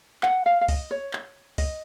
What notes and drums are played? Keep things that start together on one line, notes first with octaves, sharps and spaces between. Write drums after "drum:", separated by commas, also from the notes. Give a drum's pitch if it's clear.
F#5, drum: clap
F5
F5
D#5, drum: kick C2, open hi-hat
C#5
drum: clap
D#5, drum: kick C2, open hi-hat